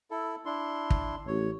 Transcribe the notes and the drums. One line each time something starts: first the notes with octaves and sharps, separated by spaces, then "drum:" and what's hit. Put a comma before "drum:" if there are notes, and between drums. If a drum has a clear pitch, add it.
E4 A4
D4 E4 C6
drum: kick
A1 C#5